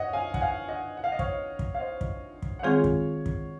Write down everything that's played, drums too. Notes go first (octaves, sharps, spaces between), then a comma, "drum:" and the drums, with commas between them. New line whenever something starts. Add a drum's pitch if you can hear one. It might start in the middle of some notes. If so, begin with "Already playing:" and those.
Already playing: F#2 C#5 D#5 F#5
F5 G#5
F#5, drum: kick
F5 G#5
D#5 F#5
F#5
F5
D#5
C#5 F5, drum: kick
drum: kick
F5
C5 D#5
drum: kick
drum: kick
F#5
D#3 G#3 C4 F4 G#4 C#5 F5
drum: kick
drum: kick